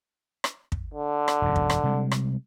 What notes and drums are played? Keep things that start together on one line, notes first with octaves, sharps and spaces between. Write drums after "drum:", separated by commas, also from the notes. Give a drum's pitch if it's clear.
drum: rim click
drum: kick
D3
drum: rim click
E1 F#2
drum: kick
drum: rim click
C3 G3 G#3
drum: rim click